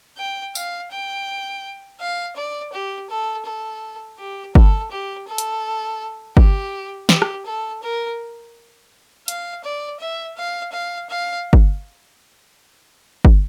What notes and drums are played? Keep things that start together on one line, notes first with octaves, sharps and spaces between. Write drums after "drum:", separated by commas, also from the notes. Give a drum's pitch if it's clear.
G5
F5, drum: tambourine
G5
F5
D5
G4
A4
A4
G4
A4, drum: kick G1
G4
A4
drum: hi-hat
G4, drum: kick G1
G4, drum: snare
drum: rim click
A4
A#4
F5, drum: hi-hat
D5
E5
F5
F5
F5
drum: kick G1
drum: kick G1